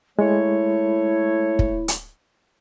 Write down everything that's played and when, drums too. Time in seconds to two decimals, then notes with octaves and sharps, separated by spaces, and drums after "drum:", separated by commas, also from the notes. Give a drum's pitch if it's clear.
0.19 G#3 A3 E4 A4 C#5
1.59 drum: kick
1.88 drum: hi-hat